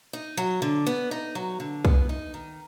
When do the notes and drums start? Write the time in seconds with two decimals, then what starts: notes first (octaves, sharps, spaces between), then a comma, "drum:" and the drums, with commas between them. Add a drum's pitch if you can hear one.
0.13 D#4
0.37 F#3
0.62 D3
0.86 B3
1.11 D#4
1.35 F#3
1.60 D3
1.85 B3, drum: kick
2.09 D#4
2.34 D#3